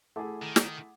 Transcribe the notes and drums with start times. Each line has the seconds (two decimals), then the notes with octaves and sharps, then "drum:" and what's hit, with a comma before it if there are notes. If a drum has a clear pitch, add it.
0.16 A3 E4 G#4 F#5 D6
0.42 D#3
0.56 drum: snare